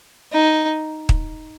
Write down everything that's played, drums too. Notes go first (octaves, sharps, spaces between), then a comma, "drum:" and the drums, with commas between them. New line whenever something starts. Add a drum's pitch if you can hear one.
D#4
drum: kick